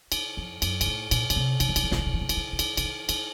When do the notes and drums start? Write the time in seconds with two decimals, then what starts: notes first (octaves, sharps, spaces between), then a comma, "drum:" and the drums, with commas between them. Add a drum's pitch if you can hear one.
0.12 C#3, drum: cymbal
0.37 F2
0.62 F#2, drum: cymbal
0.81 A#2, drum: cymbal
0.87 A2
1.11 A#2, drum: cymbal
1.30 A#2, drum: cymbal
1.36 C3
1.60 C#3, drum: cymbal
1.69 D#3
1.76 C#3, drum: cymbal
1.84 D#3
1.91 C#3, drum: snare
1.98 D#3
2.06 C#3
2.14 D#3
2.21 C#3
2.29 D#3, drum: cymbal
2.37 C#3
2.53 C#3
2.59 D#3, drum: cymbal
2.77 C#3, drum: cymbal
2.84 D#3
3.09 D#3, drum: cymbal